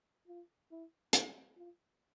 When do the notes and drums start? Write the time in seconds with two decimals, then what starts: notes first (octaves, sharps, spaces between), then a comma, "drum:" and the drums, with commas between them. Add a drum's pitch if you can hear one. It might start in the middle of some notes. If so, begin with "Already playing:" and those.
0.28 F4
0.71 E4
1.13 D#4, drum: hi-hat
1.56 F4